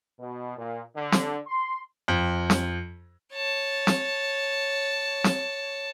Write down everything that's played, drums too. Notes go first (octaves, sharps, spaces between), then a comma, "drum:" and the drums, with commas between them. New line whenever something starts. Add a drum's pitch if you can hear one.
B2
A#2
D3
drum: snare
C6
F2
drum: snare
C#5 A5
drum: snare
drum: snare